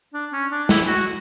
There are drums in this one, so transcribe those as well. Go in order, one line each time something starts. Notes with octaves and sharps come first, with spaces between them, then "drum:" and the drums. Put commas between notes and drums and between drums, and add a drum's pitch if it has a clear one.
D4
C#4
D4
E4, drum: snare
F#4